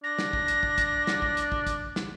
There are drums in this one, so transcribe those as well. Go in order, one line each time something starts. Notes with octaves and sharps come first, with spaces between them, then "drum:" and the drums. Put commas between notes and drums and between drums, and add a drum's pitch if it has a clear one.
D4 A#6
drum: snare
drum: kick
drum: hi-hat
drum: kick
drum: kick, hi-hat
drum: snare
drum: kick
drum: hi-hat
drum: kick
drum: kick, hi-hat
drum: snare